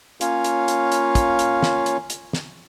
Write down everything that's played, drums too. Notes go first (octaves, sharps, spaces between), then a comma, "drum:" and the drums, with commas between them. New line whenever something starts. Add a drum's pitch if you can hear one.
A#3 C#4 F4 C#5 F5, drum: hi-hat
drum: hi-hat
drum: hi-hat
drum: hi-hat
drum: kick, hi-hat
drum: hi-hat
drum: snare
drum: hi-hat
drum: hi-hat
drum: snare